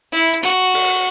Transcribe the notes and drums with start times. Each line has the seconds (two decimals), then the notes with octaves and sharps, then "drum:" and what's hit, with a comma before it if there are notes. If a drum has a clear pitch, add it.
0.12 E4
0.43 F#4, drum: hi-hat
0.74 drum: open hi-hat